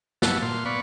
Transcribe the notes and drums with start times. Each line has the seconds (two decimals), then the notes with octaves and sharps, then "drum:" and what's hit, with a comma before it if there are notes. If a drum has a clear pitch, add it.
0.22 G2 F#3 E4 B4 F#5 A5, drum: snare
0.42 A#2 F5 C6
0.66 B3 D5 B5 C#6